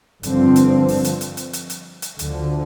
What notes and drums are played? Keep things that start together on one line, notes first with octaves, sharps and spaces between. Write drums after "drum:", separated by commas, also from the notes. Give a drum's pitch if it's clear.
G2 D3 F3 C4, drum: hi-hat
drum: hi-hat
drum: open hi-hat
drum: hi-hat
drum: hi-hat
drum: hi-hat
drum: hi-hat
drum: hi-hat
drum: hi-hat
D2 D3 F3, drum: hi-hat